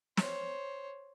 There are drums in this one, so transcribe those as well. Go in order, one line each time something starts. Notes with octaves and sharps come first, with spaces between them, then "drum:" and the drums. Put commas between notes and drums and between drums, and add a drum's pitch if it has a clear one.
C5 C#5, drum: snare